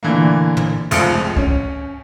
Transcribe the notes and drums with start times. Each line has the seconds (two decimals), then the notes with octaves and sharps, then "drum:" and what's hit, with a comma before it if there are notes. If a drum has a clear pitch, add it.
0.03 A#2 D3 E3 A3 A#3
0.57 drum: tom
0.91 F1 C#2 G#2 F3 C#7 D7, drum: cymbal
1.37 C#4, drum: kick C#2